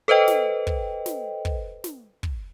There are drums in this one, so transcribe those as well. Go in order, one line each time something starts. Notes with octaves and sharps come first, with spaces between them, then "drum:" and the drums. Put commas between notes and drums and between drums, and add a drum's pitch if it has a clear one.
A4 B4 C5 D#5 G5
drum: snare
drum: kick
drum: snare
drum: kick
drum: snare
drum: kick